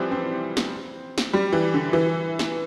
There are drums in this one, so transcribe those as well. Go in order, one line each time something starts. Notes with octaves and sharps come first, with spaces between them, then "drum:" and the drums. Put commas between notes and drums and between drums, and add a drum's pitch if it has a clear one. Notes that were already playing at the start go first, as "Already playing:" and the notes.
Already playing: E3 F3 G3 C4
C4
drum: snare
drum: snare
G3
E3
D3
E3
drum: snare